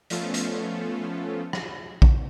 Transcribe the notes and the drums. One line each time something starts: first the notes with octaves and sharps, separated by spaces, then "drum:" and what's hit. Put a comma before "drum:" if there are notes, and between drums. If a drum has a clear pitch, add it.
F3 A3 B3 C#4 F4 A4, drum: hi-hat
drum: hi-hat
drum: rim click
drum: kick A#1